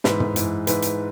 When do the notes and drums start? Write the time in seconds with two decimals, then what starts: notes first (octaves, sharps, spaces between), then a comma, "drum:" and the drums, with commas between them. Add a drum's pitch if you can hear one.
0.04 G#2 E3 B4, drum: snare
0.20 drum: tom
0.36 G#2 E3, drum: hi-hat
0.67 G#2 E3 B4, drum: hi-hat
0.82 drum: hi-hat